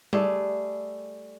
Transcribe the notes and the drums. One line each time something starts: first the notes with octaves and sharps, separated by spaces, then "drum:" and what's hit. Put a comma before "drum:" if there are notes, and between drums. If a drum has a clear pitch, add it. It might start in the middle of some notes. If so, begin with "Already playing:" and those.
G3 A3 G#4, drum: tom G3